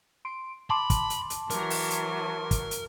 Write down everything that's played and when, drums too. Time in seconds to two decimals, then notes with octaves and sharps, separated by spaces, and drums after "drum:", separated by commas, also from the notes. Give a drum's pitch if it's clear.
0.25 C6 D7
0.70 A5 B5 C6 D6
0.90 drum: kick, hi-hat
1.10 drum: hi-hat
1.30 drum: hi-hat
1.50 E3 F#3 A#4, drum: hi-hat
1.70 drum: open hi-hat
1.90 drum: hi-hat
2.51 drum: kick, hi-hat
2.71 drum: hi-hat